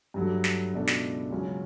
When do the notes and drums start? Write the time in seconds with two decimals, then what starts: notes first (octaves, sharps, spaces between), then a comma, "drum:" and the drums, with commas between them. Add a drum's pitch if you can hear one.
0.14 G2 F#3 A3
0.44 drum: snare
0.73 C#2 B2 A3 D4
0.88 drum: snare
1.31 C#2 C#3 F#3 C#4